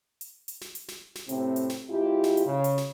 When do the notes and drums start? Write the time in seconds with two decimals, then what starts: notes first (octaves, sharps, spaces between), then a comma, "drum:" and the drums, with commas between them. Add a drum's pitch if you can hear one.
0.21 drum: hi-hat
0.48 drum: hi-hat
0.61 drum: snare
0.75 drum: hi-hat
0.88 drum: snare
1.15 drum: snare
1.29 A2 C3 C4, drum: hi-hat
1.56 drum: hi-hat
1.70 drum: snare
1.89 G#2 E4 F4 G4
2.24 drum: snare
2.37 drum: hi-hat
2.46 C#3
2.64 drum: hi-hat
2.78 drum: snare